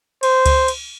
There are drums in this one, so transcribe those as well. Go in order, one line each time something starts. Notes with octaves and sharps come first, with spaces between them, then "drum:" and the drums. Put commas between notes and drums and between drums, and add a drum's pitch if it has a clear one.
C5, drum: cymbal
drum: kick C#2, cymbal
drum: cymbal